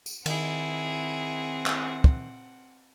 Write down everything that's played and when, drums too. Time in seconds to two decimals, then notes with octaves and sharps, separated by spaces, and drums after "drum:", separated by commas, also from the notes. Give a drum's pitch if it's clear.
0.06 drum: tambourine
0.26 D#3 C4 E4 G#4 F#5, drum: cymbal
1.66 drum: clap
2.04 drum: kick